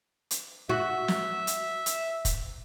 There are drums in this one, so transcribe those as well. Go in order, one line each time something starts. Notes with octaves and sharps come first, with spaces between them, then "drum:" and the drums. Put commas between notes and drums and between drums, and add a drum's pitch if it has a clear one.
drum: hi-hat
F#4 E5
drum: snare
drum: hi-hat
drum: hi-hat
drum: kick, hi-hat